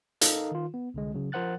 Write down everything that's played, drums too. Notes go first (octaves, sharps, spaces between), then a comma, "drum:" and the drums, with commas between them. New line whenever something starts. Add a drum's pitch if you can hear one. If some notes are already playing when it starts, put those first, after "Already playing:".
D#4 A4 A#4 D#5 F5 A#5, drum: hi-hat
D#3 F4
B3
C2 D3 G#3
C#3 F#3
F3 A#4 C5 F#5 F#6 A6